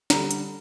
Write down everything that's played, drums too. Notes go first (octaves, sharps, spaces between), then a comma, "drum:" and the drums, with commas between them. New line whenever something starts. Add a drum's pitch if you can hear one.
D3 G3 A#5, drum: snare
drum: hi-hat